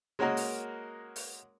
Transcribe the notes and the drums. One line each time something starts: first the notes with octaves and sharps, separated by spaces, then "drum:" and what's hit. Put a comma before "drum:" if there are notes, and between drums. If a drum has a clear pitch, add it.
G#3 A#3 C#4 F#4 A#4 D#5
drum: open hi-hat
drum: open hi-hat